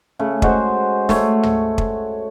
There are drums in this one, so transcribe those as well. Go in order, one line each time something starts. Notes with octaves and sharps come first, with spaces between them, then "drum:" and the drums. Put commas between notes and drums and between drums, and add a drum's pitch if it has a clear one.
C#3 A3
G#3 F#4 C5, drum: kick
A3 C#5 C6, drum: snare
drum: tom
drum: kick